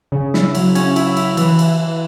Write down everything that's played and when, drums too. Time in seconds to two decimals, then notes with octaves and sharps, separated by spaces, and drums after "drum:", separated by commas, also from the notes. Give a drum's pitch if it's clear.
0.12 C#3
0.34 E4, drum: snare
0.55 F#3, drum: cymbal
0.75 C#4, drum: cymbal
0.96 E4, drum: cymbal
1.17 E4, drum: cymbal
1.37 E3, drum: cymbal
1.59 E3, drum: cymbal
1.80 E3